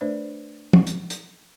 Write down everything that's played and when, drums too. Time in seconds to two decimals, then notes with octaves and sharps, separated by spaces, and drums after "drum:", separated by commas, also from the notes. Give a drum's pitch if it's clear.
0.01 A3 D4 B4 C5 D5
0.73 drum: tom
0.87 drum: hi-hat
1.10 drum: hi-hat